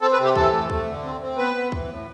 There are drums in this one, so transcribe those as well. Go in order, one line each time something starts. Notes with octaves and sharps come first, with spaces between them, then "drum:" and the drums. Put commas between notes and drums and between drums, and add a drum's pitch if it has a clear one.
C4 A4
B4
C3
G4
E3 A4, drum: kick C#2
A3
A3, drum: kick C#2
D3
C4
C4
B3 B4
B3
E3, drum: kick C#2
A2